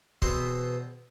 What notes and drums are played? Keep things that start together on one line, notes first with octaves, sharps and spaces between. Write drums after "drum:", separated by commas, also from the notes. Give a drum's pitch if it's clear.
E2 B2 B3 C4 C6, drum: kick C#1